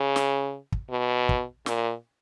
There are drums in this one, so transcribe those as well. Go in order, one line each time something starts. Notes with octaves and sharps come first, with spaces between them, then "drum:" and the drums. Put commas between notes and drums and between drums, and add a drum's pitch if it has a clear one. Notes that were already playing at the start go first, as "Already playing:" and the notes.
Already playing: C#3
drum: snare
drum: kick
B2
drum: kick
A#2, drum: snare